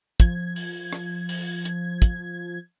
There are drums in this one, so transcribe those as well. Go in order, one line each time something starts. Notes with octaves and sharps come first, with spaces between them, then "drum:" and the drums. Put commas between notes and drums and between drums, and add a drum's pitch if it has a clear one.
F3 G#6, drum: kick, hi-hat
drum: open hi-hat
drum: rim click
drum: open hi-hat
drum: hi-hat
drum: kick, hi-hat